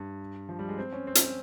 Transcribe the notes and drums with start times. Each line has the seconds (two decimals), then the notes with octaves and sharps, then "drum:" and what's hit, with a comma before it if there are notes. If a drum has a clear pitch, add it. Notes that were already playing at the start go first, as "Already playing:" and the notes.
Already playing: G2
0.49 F3
0.59 G3
0.68 G#3
0.78 C4
0.93 C#4
1.07 C4
1.15 C#4, drum: hi-hat
1.21 C4